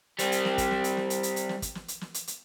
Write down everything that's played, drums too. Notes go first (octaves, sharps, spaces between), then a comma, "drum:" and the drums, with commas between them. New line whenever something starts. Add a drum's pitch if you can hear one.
G3 C4, drum: hi-hat
drum: hi-hat
drum: snare
drum: kick, hi-hat
drum: snare
drum: hi-hat
drum: snare
drum: hi-hat
drum: hi-hat
drum: hi-hat
drum: snare
drum: kick, hi-hat
drum: snare
drum: hi-hat
drum: snare
drum: hi-hat
drum: hi-hat